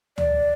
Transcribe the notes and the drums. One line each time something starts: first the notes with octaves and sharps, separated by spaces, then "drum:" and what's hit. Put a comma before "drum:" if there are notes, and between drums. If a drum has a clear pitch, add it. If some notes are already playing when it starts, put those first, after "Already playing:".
D5, drum: tom D2